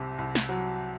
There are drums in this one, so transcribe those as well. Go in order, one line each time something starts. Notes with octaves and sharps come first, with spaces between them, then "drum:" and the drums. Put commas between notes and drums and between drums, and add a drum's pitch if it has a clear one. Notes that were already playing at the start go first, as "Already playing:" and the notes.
Already playing: C2 C3
C2
drum: snare
F#3